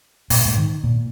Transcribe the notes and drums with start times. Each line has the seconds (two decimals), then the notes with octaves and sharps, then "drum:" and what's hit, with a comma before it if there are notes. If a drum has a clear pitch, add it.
0.30 A#2, drum: open hi-hat
0.45 G#2
0.58 D#3
0.84 A#2